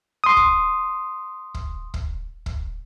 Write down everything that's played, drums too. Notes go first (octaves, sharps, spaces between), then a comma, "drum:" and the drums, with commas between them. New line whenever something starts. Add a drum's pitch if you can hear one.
C6 D#6
drum: kick
drum: kick
drum: kick
drum: kick